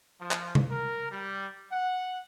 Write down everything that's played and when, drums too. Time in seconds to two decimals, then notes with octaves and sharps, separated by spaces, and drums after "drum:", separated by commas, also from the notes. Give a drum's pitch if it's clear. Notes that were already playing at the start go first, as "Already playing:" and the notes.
0.20 F3
0.31 drum: clap
0.55 drum: tom C3
0.70 A#4
1.10 G3
1.71 F#5